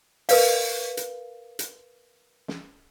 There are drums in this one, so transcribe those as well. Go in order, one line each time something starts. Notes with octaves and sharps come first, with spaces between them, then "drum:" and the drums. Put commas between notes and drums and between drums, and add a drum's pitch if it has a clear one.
A#4 B4 F5, drum: open hi-hat
drum: hi-hat
drum: hi-hat
drum: snare